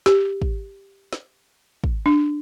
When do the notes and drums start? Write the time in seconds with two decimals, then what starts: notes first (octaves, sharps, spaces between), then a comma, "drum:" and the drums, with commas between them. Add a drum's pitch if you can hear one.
0.06 G4, drum: snare
0.42 drum: kick
1.13 drum: snare
1.84 drum: kick
2.06 D4